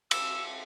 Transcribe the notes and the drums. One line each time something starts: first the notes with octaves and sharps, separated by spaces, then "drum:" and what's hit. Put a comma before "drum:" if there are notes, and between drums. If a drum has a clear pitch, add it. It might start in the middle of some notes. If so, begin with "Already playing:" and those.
E6, drum: cymbal